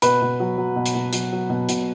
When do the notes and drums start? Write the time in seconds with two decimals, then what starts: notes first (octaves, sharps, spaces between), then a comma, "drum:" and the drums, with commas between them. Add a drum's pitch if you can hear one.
0.02 B2 B4 B5, drum: hi-hat
0.22 B2
0.40 F#3
0.57 F#3
0.76 B2
0.86 drum: hi-hat
0.95 B2
1.13 F#3, drum: hi-hat
1.32 F#3
1.50 B2
1.69 B2, drum: hi-hat